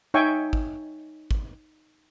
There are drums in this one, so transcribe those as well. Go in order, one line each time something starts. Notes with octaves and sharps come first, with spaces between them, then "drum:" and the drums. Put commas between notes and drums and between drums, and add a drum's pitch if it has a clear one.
D#4 C#5 E5 G5 G#5 C#6
drum: kick G#1
drum: kick G#1